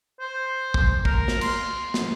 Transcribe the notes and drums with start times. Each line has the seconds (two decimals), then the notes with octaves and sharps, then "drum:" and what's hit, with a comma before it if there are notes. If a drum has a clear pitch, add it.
0.20 C5
0.74 drum: kick
1.05 A#4, drum: kick
1.28 drum: snare
1.41 C6, drum: cymbal
1.94 drum: snare